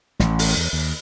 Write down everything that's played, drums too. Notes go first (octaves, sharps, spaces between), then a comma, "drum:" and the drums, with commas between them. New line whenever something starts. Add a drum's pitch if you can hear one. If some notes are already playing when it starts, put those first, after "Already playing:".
A1, drum: snare
drum: open hi-hat
E2
D#2